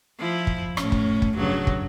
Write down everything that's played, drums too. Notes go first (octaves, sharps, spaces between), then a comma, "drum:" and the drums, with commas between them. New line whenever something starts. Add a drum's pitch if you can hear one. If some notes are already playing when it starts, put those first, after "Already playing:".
F3 E4
drum: kick
A2 C#4, drum: rim click
drum: kick
drum: kick
G2 C#3 F#3
drum: kick